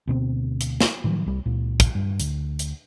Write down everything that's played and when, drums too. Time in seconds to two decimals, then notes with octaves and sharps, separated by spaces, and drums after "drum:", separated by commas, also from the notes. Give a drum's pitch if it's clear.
0.07 D2 B2 A3 C4
0.61 drum: hi-hat
0.80 drum: snare
1.04 A2 D#3 F3 F#3
1.26 C2 G3
1.45 C#2 A#2
1.80 drum: kick, hi-hat
1.95 G2
2.20 D2, drum: hi-hat
2.59 drum: hi-hat